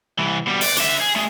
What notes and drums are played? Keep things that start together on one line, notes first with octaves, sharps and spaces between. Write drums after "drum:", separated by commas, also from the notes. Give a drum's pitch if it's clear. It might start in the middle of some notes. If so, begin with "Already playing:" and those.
C2 E3
B2 G3
D5, drum: open hi-hat
D4 E5, drum: hi-hat
G#4
A3 G#4